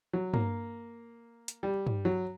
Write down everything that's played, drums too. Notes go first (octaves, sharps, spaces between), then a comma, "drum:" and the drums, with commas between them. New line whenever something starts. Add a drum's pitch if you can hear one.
F#3
A#3, drum: tom G2
drum: hi-hat
G3
drum: tom G2
F#3